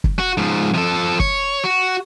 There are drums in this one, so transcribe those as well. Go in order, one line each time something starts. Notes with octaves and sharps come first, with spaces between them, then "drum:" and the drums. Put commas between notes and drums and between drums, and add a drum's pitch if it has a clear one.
drum: kick
F#4
G#2 F3
F3 A4
C#5, drum: kick
F#4